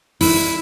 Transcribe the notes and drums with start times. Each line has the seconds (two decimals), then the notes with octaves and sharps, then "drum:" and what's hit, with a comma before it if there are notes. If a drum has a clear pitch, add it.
0.21 E4, drum: kick, open hi-hat